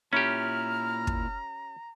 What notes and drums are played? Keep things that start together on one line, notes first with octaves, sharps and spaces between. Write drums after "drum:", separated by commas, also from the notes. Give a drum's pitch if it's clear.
A#2 C#4 E4 G4 A#5 F6
drum: kick